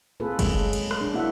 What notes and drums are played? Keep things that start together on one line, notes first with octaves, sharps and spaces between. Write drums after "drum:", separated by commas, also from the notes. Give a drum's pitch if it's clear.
A#3 C4 F4 G#4 A4 B4
F#3 G#3 G#4, drum: kick, cymbal
drum: cymbal
drum: rim click
D4
A#3 D4 E4 F#4 E5 F#5